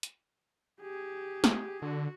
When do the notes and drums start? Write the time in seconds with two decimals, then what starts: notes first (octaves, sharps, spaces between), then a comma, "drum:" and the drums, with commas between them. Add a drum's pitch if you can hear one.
0.03 drum: hi-hat
0.81 G4 G#4
1.44 drum: snare
1.82 D3 F#4